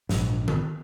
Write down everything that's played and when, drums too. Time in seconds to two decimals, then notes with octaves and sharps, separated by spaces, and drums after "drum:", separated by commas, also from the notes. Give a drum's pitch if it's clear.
0.09 A#1 G#2, drum: snare
0.48 drum: tom D#3